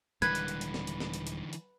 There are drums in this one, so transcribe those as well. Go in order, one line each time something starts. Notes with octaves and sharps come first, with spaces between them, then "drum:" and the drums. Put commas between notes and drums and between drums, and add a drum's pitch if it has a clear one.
D#1 D3 E3 G3 G#3 B4 G#6, drum: hi-hat
drum: hi-hat
drum: hi-hat
drum: hi-hat
drum: snare
drum: hi-hat
drum: snare
drum: hi-hat
drum: hi-hat
drum: hi-hat